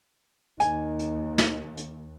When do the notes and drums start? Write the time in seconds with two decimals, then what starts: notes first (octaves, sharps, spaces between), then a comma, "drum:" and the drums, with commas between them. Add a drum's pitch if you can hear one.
0.60 D#2 D#4 G#5, drum: hi-hat
0.99 drum: hi-hat
1.38 drum: snare
1.77 drum: hi-hat